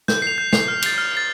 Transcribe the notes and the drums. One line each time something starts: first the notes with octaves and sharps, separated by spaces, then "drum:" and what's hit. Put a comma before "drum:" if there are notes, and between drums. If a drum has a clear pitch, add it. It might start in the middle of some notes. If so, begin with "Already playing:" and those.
G6, drum: snare
C7 F7
G6
C7 F7, drum: snare
F6
A6 C7 F7, drum: cymbal
F6
A6 C7 F7